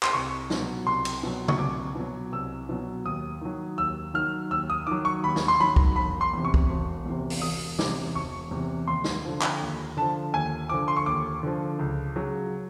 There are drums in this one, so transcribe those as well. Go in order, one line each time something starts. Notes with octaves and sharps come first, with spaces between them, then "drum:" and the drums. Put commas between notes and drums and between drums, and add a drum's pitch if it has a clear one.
C6, drum: clap
C2 C#6
B2 F#3, drum: snare
C2 C6
drum: cymbal
B2 F#3
C#6, drum: tom C#3
C2 D6
B2 F#3
C2 E6
B2 F#3
D#2 D#6
D#3 F#3
D#2 E6
D#3 F#3 F6
D#2 E6
D#6
D#3 F#3 D6
C#6
D#2 B5
drum: snare
C6
D#3 F#3 B5
drum: kick
E1 B5
C6
E2 C3
C#6
drum: kick
E1
E2 C3
drum: open hi-hat
E1 D#6
E2 C3 D6, drum: snare
E1 C#6
E2 C3
D#2 C6
drum: snare
D3 F3
drum: clap
D#2
D3 F3 A5
D#2 G#5
D3 F3 D6
C6
C#6
D#2 D6
D3 F3
C#2
C#3 F#3